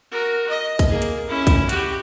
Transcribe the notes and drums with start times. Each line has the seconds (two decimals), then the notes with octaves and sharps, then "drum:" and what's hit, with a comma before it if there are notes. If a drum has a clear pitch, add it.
0.12 F#4 A#4
0.49 D#5
0.79 drum: kick, hi-hat
0.90 A#3 G#4
1.02 drum: hi-hat
1.28 C#4 E4
1.47 drum: kick, hi-hat
1.69 F#4 G4, drum: hi-hat